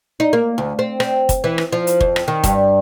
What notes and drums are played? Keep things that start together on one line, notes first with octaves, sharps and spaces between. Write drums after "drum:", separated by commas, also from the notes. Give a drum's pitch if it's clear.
D#4
A#3
D2
C4
C4, drum: rim click
drum: kick, hi-hat
E3
drum: rim click
F3
drum: hi-hat
F2, drum: kick
drum: rim click
D#3
G2, drum: kick, hi-hat